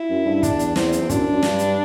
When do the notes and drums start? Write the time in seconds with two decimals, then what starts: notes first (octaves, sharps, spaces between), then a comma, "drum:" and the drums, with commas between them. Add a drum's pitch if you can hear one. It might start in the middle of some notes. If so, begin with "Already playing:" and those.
Already playing: E4
0.10 F#2
0.26 G2
0.43 E2 D4, drum: kick, hi-hat
0.59 drum: hi-hat
0.76 E2 C4, drum: snare
0.92 drum: hi-hat
1.02 E2
1.10 F#2 D4, drum: kick, hi-hat
1.32 F#2
1.43 G2, drum: snare
1.59 drum: hi-hat